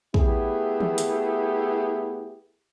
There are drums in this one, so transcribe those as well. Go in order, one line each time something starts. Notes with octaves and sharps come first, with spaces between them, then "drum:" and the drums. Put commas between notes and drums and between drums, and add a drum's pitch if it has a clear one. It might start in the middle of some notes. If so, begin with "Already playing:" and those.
A3 B3 E4 G4 G#4, drum: kick
drum: tom D#3
drum: hi-hat